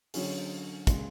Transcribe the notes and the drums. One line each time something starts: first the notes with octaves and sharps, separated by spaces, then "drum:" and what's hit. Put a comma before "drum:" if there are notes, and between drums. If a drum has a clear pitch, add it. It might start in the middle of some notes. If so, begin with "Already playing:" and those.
D3 F#3 C#4 G#4, drum: open hi-hat
C#3 G#3, drum: kick, hi-hat